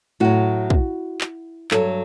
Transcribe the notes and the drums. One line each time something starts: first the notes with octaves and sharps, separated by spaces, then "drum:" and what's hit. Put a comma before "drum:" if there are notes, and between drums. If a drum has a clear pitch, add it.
A2 F#3 F#4
drum: kick
drum: clap
G2 F#3 A4, drum: clap